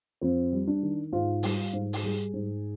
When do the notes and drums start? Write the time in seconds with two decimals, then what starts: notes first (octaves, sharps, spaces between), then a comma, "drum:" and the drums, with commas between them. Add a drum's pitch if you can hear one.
0.21 F2 C4
0.52 G3
0.67 D4
0.82 D#3
1.13 G#2 F4
1.43 G3, drum: open hi-hat
1.73 G#2
1.93 drum: open hi-hat
2.03 G3 G#4
2.34 G#2